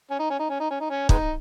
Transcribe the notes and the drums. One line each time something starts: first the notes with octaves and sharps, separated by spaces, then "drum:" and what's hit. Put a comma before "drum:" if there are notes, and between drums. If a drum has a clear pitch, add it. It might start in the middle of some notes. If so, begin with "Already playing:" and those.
C#4
D#4
C#4
D#4
C#4
D#4
C#4
D#4
C#4
G#3 B3 D#4, drum: kick